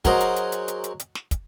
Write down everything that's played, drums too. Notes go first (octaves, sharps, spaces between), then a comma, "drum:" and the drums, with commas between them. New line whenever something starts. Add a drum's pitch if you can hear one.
F#3 F#4 G#4 A#4 C5 D#5, drum: kick, hi-hat
drum: hi-hat
drum: hi-hat
drum: hi-hat
drum: hi-hat
drum: hi-hat
drum: hi-hat
drum: snare
drum: kick, hi-hat